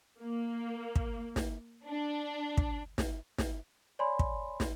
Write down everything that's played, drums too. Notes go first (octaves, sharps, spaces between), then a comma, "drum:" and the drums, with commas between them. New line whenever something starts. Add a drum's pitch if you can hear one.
A#3
drum: kick
drum: snare
D4
drum: kick
drum: snare
drum: snare
C#5 D5 G#5 B5 C6
drum: kick
drum: snare